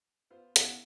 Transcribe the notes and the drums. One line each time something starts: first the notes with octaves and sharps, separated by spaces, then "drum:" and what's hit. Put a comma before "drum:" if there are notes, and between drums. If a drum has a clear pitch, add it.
B3 F4 C5
C#3 B3 E4 F5 D#6, drum: hi-hat